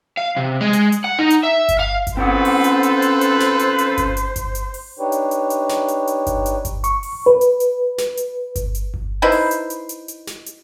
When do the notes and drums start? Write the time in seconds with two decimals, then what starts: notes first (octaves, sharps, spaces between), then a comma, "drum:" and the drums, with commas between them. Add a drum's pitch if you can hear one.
0.17 F5
0.36 C3
0.61 G#3
0.73 drum: hi-hat
0.92 drum: hi-hat
1.04 F#5
1.19 D#4
1.30 drum: hi-hat
1.43 E5
1.69 drum: kick G1, hi-hat
1.79 F5
2.07 drum: kick G1, hi-hat
2.17 C4 C#4 F4 A4 B4 C5 F#5
2.45 drum: open hi-hat
2.64 drum: hi-hat
2.83 drum: hi-hat
3.02 drum: hi-hat
3.21 drum: hi-hat
3.40 drum: snare
3.59 drum: hi-hat
3.78 drum: hi-hat
3.98 drum: kick G1, hi-hat
4.17 drum: hi-hat
4.36 drum: kick G1, hi-hat
4.55 drum: hi-hat
4.74 drum: open hi-hat
4.99 D4 D#4 G4 B4 C#5
5.12 drum: hi-hat
5.31 drum: hi-hat
5.50 drum: hi-hat
5.69 drum: snare
5.88 drum: hi-hat
6.07 drum: hi-hat
6.27 drum: kick G1, hi-hat
6.46 drum: hi-hat
6.65 drum: kick G1, hi-hat
6.84 C#6, drum: hi-hat
7.03 drum: open hi-hat
7.26 B4
7.41 drum: hi-hat
7.60 drum: hi-hat
7.98 drum: snare
8.17 drum: hi-hat
8.56 drum: kick G1, hi-hat
8.75 drum: hi-hat
8.94 drum: kick G1
9.22 D#4 E4 B4 C5
9.32 drum: open hi-hat
9.51 drum: hi-hat
9.70 drum: hi-hat
9.89 drum: hi-hat
10.08 drum: hi-hat
10.27 drum: snare
10.46 drum: hi-hat